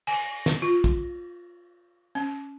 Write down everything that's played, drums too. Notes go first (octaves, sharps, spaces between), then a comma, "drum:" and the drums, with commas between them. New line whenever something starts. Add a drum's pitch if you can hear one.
G#5, drum: cymbal
drum: snare
F4
drum: kick
C#4